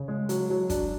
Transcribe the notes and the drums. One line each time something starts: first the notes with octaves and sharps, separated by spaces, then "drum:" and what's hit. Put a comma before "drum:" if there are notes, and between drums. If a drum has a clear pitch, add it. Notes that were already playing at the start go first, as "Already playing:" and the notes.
Already playing: C#3
G#3
F#3, drum: hi-hat
F#3
D4, drum: kick, hi-hat